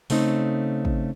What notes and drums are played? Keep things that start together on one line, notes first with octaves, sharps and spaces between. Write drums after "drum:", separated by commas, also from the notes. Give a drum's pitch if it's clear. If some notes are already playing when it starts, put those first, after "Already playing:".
C#3 A3 C4 D#4, drum: open hi-hat
drum: kick